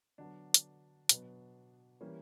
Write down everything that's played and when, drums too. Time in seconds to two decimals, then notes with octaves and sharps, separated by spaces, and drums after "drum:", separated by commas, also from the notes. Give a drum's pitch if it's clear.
0.18 D3 F#3 B3 D4
0.54 drum: hi-hat
1.09 B2 F#3 B3, drum: hi-hat
2.01 E3 G3 A#3 C#4